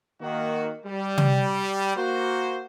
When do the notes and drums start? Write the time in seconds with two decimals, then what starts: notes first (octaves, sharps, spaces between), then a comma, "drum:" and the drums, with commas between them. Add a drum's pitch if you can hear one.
0.22 D#3 A#3 F#4
0.87 G3
1.18 drum: tom
1.97 A#3 F#4 C5